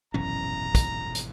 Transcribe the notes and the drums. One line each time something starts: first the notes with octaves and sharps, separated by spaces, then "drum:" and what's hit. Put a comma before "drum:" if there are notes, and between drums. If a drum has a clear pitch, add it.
D#1 G#1 F#2 B2 E3 C#4 A#5
drum: kick, hi-hat
drum: hi-hat